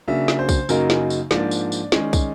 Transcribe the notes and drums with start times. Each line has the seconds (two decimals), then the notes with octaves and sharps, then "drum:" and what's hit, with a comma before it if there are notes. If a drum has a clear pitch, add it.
0.08 C#3 F#3 A#3 D4 E5
0.28 drum: snare
0.39 C5
0.49 drum: kick, tambourine
0.69 F#2 C#3 F#3 A#3 D#4 A#4, drum: tambourine
0.90 drum: snare
1.10 drum: tambourine
1.31 G#2 F3 A#3 D4 D5, drum: snare
1.51 drum: tambourine
1.72 drum: tambourine
1.92 D#3 G#3 C#4, drum: snare
2.13 drum: kick, tambourine